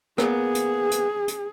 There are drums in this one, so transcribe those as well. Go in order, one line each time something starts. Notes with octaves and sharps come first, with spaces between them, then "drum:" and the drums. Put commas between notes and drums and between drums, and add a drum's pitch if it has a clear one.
A#3 B3 G#4, drum: rim click
drum: hi-hat
drum: hi-hat
drum: hi-hat